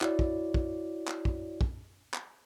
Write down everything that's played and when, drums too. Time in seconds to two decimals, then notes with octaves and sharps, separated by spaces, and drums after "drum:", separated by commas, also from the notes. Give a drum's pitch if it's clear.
0.01 E4 F#4 C#5 D5, drum: clap
0.19 drum: kick
0.54 drum: kick
1.08 drum: clap
1.25 drum: kick
1.61 drum: kick
2.14 drum: clap